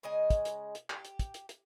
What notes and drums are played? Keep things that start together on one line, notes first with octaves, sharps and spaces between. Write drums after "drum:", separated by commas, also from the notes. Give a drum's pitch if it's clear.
C#3 G#3 D#5 G#5
drum: kick, hi-hat
drum: hi-hat
drum: hi-hat
G4, drum: clap
drum: hi-hat
drum: kick, hi-hat
drum: hi-hat
drum: hi-hat